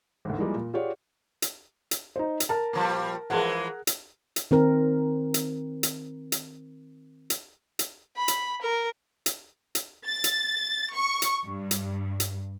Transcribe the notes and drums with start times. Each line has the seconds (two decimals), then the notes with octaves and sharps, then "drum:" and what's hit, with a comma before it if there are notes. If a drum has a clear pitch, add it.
0.25 G#1 D2
0.38 E3 F3 G3 G#3 A#3 A#4
0.55 A#2
0.74 F4 G4 G#4 C#5 D5 F#5
1.42 drum: hi-hat
1.91 drum: hi-hat
2.16 D#4 C5
2.40 drum: hi-hat
2.49 A#4 A5
2.73 A#2 F3 G3
3.30 E3 F3 G#3 G#4 A#4 F#5
3.87 drum: hi-hat
4.36 drum: hi-hat
4.51 D#3 C4 A#4
5.34 drum: hi-hat
5.83 drum: hi-hat
6.32 drum: hi-hat
7.30 drum: hi-hat
7.79 drum: hi-hat
8.17 B5
8.28 drum: hi-hat
8.62 A#4
9.26 drum: hi-hat
9.75 drum: hi-hat
10.06 A6
10.24 drum: hi-hat
10.93 C#6
11.22 drum: hi-hat
11.45 G2
11.71 drum: hi-hat
12.20 drum: hi-hat